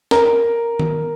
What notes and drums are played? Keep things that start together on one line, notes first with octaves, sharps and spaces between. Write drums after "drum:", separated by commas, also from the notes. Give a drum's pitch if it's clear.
A#4, drum: snare
drum: tom D#3